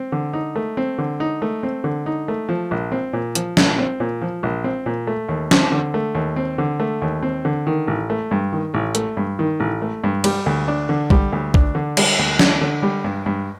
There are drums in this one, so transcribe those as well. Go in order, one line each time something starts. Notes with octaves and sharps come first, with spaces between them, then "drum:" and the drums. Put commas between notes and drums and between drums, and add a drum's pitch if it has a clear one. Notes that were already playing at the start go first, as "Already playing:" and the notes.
Already playing: C4
D3
D#4
A3
C4
D3
D#4
A3
C4
D3
D#4
A3
F3
A#1
C4
A#2
F3, drum: hi-hat
A#1, drum: snare
C4
A#2
F3
A#1
C4
A#2
A3
D#2
C4, drum: snare
D3
A3
D#2
C4
D3
A3
D#2
C4
D3
D#3
A1
A3
G2
D#3
A1
A3, drum: hi-hat
G2
D#3
A1
A3
G2
G3, drum: cymbal
D2
D4
D3
G3, drum: kick
D2
D4, drum: kick
D3
G3, drum: cymbal
D2
D4, drum: snare
D3
G3
G2
G2